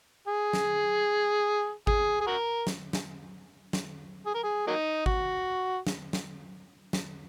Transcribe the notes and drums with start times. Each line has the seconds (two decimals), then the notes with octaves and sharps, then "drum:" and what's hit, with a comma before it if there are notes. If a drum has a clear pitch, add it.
0.27 G#4
0.53 drum: snare
1.87 G#4, drum: kick G#1
2.21 G#4
2.27 F#4 A#4
2.67 drum: snare
2.93 drum: snare
3.73 drum: snare
4.26 G#4
4.34 A#4
4.43 G#4
4.67 F#3 A#3 D#4
5.06 F#4, drum: kick G#1
5.87 drum: snare
6.13 drum: snare
6.93 drum: snare